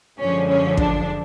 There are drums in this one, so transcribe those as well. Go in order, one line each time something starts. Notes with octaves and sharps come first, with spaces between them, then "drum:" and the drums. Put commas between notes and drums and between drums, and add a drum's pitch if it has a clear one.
F#2 D3 F3 G#3 C#4
C#4
D4, drum: kick